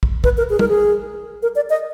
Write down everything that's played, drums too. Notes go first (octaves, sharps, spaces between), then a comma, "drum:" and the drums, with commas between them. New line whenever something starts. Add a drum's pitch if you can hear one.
drum: kick
B4, drum: kick
A#4
G#4
A#4, drum: tom
G#4
A#4
D5
D#5